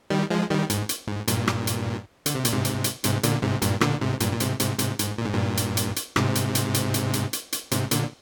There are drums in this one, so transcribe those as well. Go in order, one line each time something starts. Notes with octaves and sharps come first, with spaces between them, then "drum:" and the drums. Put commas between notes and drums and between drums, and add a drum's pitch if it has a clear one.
D#3 G3
F3 G#3
D#3 G3
G#2, drum: hi-hat
drum: hi-hat
G#2
G2 A#2, drum: hi-hat
drum: rim click
drum: hi-hat
D3, drum: hi-hat
C3
A#2, drum: hi-hat
G#2 C3
drum: hi-hat
drum: hi-hat
G#2 C3, drum: hi-hat
A#2 D3, drum: hi-hat
G#2 C3
G2 A#2, drum: hi-hat
A#2 D3, drum: rim click
G#2 C3
G2 A#2, drum: hi-hat
A#2
G#2 C3, drum: hi-hat
G#2 C3, drum: hi-hat
G#2 C3, drum: hi-hat
G#2, drum: hi-hat
A#2
G#2
G2 A#2
drum: hi-hat
drum: hi-hat
drum: hi-hat
G#2 C3, drum: rim click
drum: hi-hat
drum: hi-hat
drum: hi-hat
drum: hi-hat
drum: hi-hat
drum: hi-hat
drum: hi-hat
G#2 C3, drum: hi-hat
A#2 D3, drum: hi-hat